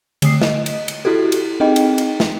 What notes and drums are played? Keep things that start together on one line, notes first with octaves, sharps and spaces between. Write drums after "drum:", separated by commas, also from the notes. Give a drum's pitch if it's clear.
D3 A3 D#6 C7, drum: cymbal
D#5, drum: snare
drum: cymbal
drum: cymbal
E4 F#4 G4 A4
drum: cymbal
C4 D#4 G#4 D#5 G5
drum: cymbal
drum: cymbal
drum: snare